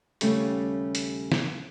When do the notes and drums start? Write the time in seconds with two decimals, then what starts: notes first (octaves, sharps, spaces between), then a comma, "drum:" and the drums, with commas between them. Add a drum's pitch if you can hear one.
0.21 D#2 C#3 G3 A3 C#4, drum: hi-hat
0.95 drum: hi-hat
1.32 drum: snare